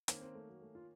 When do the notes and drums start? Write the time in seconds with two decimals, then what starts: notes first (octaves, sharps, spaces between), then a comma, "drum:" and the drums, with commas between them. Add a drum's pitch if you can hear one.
0.08 D#3 A#3 C4 C#4, drum: hi-hat
0.21 C4
0.35 A3
0.48 F#3
0.62 A3
0.75 F4